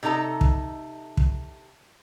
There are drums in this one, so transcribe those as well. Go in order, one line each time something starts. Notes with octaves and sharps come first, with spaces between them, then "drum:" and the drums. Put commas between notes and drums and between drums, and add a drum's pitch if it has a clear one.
C3 D#4 A4 A#5
drum: kick
drum: kick